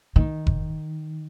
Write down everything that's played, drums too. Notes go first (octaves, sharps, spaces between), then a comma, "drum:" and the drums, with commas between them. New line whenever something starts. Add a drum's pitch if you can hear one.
D#3
drum: kick F1